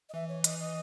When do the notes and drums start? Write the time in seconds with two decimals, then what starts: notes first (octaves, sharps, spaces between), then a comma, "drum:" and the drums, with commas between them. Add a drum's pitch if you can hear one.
0.09 D#5
0.14 E3 E5
0.29 C#5
0.44 D#5, drum: hi-hat
0.60 D#5